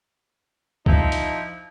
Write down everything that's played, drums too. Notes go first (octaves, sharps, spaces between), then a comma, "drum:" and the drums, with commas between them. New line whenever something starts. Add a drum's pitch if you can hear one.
F3 D#4 E4, drum: kick C#2
drum: hi-hat